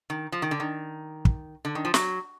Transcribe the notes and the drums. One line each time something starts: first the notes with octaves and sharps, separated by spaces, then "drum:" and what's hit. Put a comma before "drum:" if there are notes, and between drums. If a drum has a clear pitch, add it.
D#3
F3
D#3
D3
D#3
drum: kick
D3
D#3
F3
F#3, drum: snare